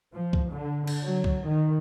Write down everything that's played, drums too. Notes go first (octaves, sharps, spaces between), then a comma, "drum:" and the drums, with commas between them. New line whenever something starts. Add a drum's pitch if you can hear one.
F3
drum: kick C2
D3
drum: cymbal
F#3
drum: kick C2
D#3